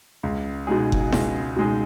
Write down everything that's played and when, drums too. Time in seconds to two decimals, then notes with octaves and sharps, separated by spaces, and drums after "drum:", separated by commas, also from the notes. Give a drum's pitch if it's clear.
0.23 C#2
0.67 B2 G#3 D#4 G#4
0.92 drum: kick F#1
1.12 C#2, drum: snare E4
1.57 B2 G#3 D#4 G#4